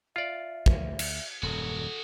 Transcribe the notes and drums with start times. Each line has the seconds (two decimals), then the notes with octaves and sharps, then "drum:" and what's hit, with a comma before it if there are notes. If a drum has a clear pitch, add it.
0.16 F4 D5 E5
0.66 D2, drum: kick
0.99 drum: cymbal
1.43 D#1 F#2 F#4 G#4 A4